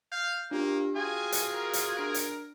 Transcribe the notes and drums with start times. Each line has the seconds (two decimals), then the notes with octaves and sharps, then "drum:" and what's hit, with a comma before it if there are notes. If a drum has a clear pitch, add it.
0.12 F5 G6
0.51 A#3 D4 F4 G4
0.96 F4 F#4 G#4 G5 G#5
1.32 drum: hi-hat
1.53 A#4
1.73 drum: hi-hat
1.97 D4 A#4 G#6 D7
2.14 drum: hi-hat